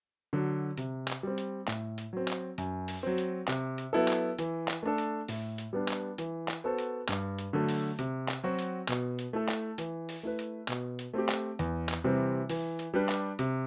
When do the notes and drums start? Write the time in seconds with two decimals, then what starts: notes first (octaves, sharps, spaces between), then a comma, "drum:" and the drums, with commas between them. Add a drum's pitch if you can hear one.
0.33 D3 F#3
0.78 C3, drum: hi-hat
1.08 drum: clap
1.23 G3 C4
1.38 drum: hi-hat
1.68 A2, drum: clap
1.98 drum: hi-hat
2.13 F#3 C4
2.28 drum: clap
2.58 F#2, drum: hi-hat
2.88 drum: open hi-hat
3.03 F#3 C4
3.18 drum: hi-hat
3.48 C3, drum: clap
3.78 drum: hi-hat
3.93 F#3 B3 E4 A4
4.08 drum: clap
4.39 E3, drum: hi-hat
4.68 drum: clap
4.83 A3 D4 A4
4.98 drum: hi-hat
5.29 A2, drum: open hi-hat
5.58 drum: hi-hat
5.73 G3 B3 D4
5.88 drum: clap
6.18 E3, drum: hi-hat
6.48 drum: clap
6.64 B3 F#4 A4 C5
6.78 drum: hi-hat
7.09 G2, drum: clap
7.39 drum: hi-hat
7.53 D3 F#3 A3
7.69 drum: open hi-hat
7.99 C3, drum: hi-hat
8.29 drum: clap
8.44 F#3 C4 F#4
8.59 drum: hi-hat
8.88 B2, drum: clap
9.19 drum: hi-hat
9.33 A3 E4 A4
9.49 drum: clap
9.78 E3, drum: hi-hat
10.09 drum: open hi-hat
10.23 A3 E4 B4
10.39 drum: hi-hat
10.68 B2, drum: clap
10.99 drum: hi-hat
11.14 A3 C4 G4
11.29 drum: clap
11.59 E2, drum: hi-hat
11.89 drum: clap
12.04 C3 E3 G3 C4
12.49 E3, drum: open hi-hat
12.79 drum: hi-hat
12.94 G3 D4 G4 B4
13.09 drum: clap
13.39 C3, drum: hi-hat